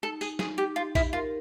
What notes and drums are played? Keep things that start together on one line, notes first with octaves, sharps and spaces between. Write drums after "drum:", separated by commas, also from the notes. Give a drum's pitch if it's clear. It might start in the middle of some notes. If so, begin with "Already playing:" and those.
D#4 A4
G#4, drum: tambourine
D#4 G#4, drum: snare
G4
F4 G4
E4, drum: kick A#1, tambourine
F4 A#4